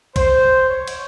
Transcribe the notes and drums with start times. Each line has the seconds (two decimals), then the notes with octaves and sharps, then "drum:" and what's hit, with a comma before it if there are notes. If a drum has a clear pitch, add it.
0.16 C5, drum: kick B1, cymbal
0.70 C#5
0.87 drum: cymbal